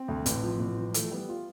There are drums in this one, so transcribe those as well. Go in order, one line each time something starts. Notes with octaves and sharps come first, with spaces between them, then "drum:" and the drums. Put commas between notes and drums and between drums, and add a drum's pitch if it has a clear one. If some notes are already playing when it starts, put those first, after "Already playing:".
Already playing: C4
D2
A1, drum: hi-hat
F3
A1
F3
E3 A3, drum: hi-hat
G3 B3
F4